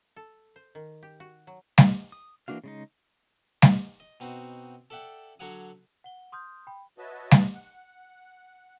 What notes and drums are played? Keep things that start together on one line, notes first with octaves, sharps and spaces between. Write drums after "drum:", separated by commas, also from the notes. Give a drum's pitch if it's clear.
A4
C5
D#3
G4
F#4
F#3
drum: snare G3
D#6
E3 A#3 D4 F#4 F5
C#3 G#3 D#4
drum: snare G3
D#5
B2 C4 D#4 F#4
A4 D5 E5 F#5 G5
D3 F#3 F#4 C#5 F#5 D#6
F#5 G7
C6 D#6 F6 G6
G5 B5
F#4 B4 C#5 D#5 E5 A5
drum: snare G3
F#5